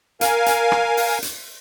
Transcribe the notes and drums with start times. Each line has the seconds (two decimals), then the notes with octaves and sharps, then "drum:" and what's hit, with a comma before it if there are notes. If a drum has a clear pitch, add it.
0.21 A#4 F5 G#5, drum: hi-hat
0.46 drum: hi-hat
0.72 drum: rim click
0.97 drum: open hi-hat
1.22 drum: hi-hat